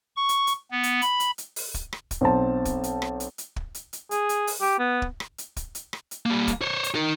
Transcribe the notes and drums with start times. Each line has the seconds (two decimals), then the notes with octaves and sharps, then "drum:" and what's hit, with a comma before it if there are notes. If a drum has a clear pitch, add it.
0.16 C#6
0.29 drum: hi-hat
0.47 drum: hi-hat
0.71 B3
0.83 drum: hi-hat
1.02 B5, drum: hi-hat
1.20 drum: hi-hat
1.38 drum: hi-hat
1.56 drum: open hi-hat
1.74 drum: kick, hi-hat
1.93 drum: rim click
2.11 drum: kick, hi-hat
2.21 B1 C4 C5 A5
2.65 drum: kick, hi-hat
2.84 drum: hi-hat
3.02 drum: rim click
3.20 drum: hi-hat
3.38 drum: hi-hat
3.56 drum: kick
3.75 drum: hi-hat
3.93 drum: hi-hat
4.11 G#4, drum: hi-hat
4.29 drum: hi-hat
4.47 drum: open hi-hat
4.61 G4
4.79 B3
5.02 drum: kick
5.20 drum: rim click
5.38 drum: hi-hat
5.57 drum: kick, hi-hat
5.75 drum: hi-hat
5.93 drum: rim click
6.11 drum: hi-hat
6.26 G3 A#3
6.47 drum: kick, hi-hat
6.62 C5 C#5
6.84 drum: hi-hat
6.95 D#4 A#4